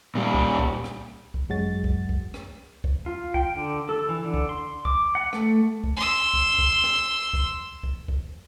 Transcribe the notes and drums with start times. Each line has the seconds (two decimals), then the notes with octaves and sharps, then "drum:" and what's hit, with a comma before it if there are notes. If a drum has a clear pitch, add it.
0.15 A#2 G3
0.34 drum: kick C2
0.59 drum: kick C2
0.84 drum: rim click
1.34 drum: kick C2
1.49 G#1 F#2 F#3 G#3 F#4 A6
1.84 drum: kick C2
2.09 drum: kick C2
2.34 drum: rim click
2.84 drum: kick C2
3.06 F4
3.34 G5, drum: kick C2
3.56 D3
3.89 A4
4.09 E3
4.25 D3
4.34 drum: kick C2
4.49 C6
4.85 D6, drum: kick C2
5.15 F#5
5.33 A3, drum: rim click
5.84 drum: kick C2
5.96 C6 E6
6.34 drum: kick C2
6.59 drum: kick C2
6.84 drum: rim click
7.33 drum: kick C2
7.83 drum: kick C2
8.08 drum: kick C2